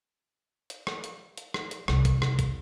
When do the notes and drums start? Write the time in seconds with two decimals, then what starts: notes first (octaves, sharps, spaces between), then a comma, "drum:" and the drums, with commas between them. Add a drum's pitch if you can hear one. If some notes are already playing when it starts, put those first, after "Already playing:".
0.70 drum: hi-hat
0.87 drum: rim click
1.04 drum: hi-hat
1.37 drum: hi-hat
1.54 drum: rim click
1.71 drum: hi-hat
1.88 F#1 C2, drum: rim click
2.05 drum: kick, hi-hat
2.22 drum: rim click
2.39 drum: kick, hi-hat